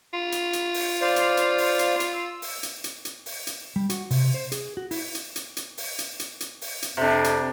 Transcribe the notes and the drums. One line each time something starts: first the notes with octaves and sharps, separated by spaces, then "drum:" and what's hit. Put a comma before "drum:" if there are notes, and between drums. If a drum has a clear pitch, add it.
F4
drum: hi-hat
drum: hi-hat
drum: open hi-hat
C5 D5 F5
drum: hi-hat
drum: hi-hat
drum: open hi-hat
drum: hi-hat
drum: hi-hat
E6
drum: open hi-hat
drum: hi-hat
drum: hi-hat
drum: hi-hat
drum: open hi-hat
drum: hi-hat
G3
F#4, drum: hi-hat
C3, drum: open hi-hat
C5
G#4, drum: hi-hat
F#4
E4, drum: open hi-hat
drum: hi-hat
drum: hi-hat
drum: hi-hat
drum: open hi-hat
drum: hi-hat
drum: hi-hat
drum: hi-hat
drum: open hi-hat
drum: hi-hat
F2 C3 D4
drum: hi-hat